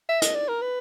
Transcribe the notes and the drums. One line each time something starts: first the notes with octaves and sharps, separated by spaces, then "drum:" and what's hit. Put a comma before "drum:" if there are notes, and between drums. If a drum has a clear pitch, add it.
E5
D#5, drum: hi-hat
D5
A#4
B4